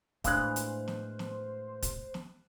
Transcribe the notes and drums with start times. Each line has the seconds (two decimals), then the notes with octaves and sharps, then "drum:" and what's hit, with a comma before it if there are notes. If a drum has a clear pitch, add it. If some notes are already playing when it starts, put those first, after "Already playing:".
0.24 A2 E3 G#3 D4 C5 F5 F#6, drum: kick, hi-hat
0.56 drum: hi-hat
0.88 drum: snare
1.19 drum: snare
1.82 drum: kick, hi-hat
2.14 drum: snare